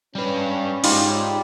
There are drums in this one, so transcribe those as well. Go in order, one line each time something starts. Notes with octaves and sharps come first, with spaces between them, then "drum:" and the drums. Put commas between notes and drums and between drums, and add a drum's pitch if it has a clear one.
G3 C#4 B4
G3 G#3 D#4 F4, drum: open hi-hat